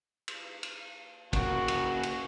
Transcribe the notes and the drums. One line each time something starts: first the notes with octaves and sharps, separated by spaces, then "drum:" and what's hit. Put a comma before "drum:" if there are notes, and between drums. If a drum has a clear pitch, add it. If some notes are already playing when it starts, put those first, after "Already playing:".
drum: cymbal
drum: cymbal
C#3 A#3 F#4, drum: kick, cymbal
drum: cymbal
drum: cymbal